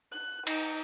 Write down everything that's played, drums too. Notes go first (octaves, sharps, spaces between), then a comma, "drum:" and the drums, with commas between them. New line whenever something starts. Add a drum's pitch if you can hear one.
F#6
D#4, drum: cymbal